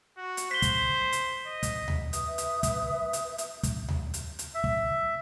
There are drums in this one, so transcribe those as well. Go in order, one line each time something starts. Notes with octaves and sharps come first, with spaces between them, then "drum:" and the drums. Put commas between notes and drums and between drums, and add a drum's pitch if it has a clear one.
F#4
drum: hi-hat
C5 B6 G7
drum: kick, hi-hat
drum: hi-hat
D#5
drum: kick, hi-hat
drum: tom D2
B4 E5 D#6, drum: hi-hat
drum: hi-hat
drum: kick, hi-hat
drum: hi-hat
drum: hi-hat
drum: kick, hi-hat
drum: tom D2
drum: hi-hat
drum: hi-hat
E5
drum: kick